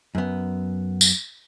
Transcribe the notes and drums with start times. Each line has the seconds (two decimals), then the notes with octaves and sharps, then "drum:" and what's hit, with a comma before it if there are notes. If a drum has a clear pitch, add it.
0.15 F#2 B3
1.01 drum: tambourine